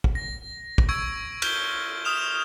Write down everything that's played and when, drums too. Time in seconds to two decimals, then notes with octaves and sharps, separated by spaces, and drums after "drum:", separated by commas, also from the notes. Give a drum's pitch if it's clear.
0.04 drum: kick
0.15 A#6
0.78 drum: kick
0.89 C#6 E6 G#6 D7
1.42 F6 G6 G7, drum: cymbal
2.05 D#6 F6 E7 F7